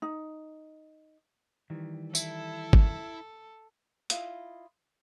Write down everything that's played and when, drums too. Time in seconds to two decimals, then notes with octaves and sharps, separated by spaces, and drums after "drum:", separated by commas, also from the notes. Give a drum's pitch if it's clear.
0.02 D#4
1.70 D#3 E3 G3
2.15 E4 A4, drum: tambourine
2.73 drum: kick G1
4.10 E4 F4 D#5, drum: hi-hat